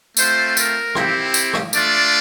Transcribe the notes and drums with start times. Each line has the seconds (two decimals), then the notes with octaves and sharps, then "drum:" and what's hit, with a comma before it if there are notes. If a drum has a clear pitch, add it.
0.17 A3 C4 F4 C5, drum: tambourine
0.57 A#4, drum: tambourine
0.95 C4 E4 G4, drum: rim click
1.34 drum: tambourine
1.53 drum: rim click
1.73 A3 D4 F4 D5, drum: tambourine